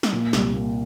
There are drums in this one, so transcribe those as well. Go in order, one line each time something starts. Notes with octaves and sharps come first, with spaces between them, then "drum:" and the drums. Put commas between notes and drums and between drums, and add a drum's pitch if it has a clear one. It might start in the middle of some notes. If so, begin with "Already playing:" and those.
drum: snare
A#2
C2, drum: snare
A#2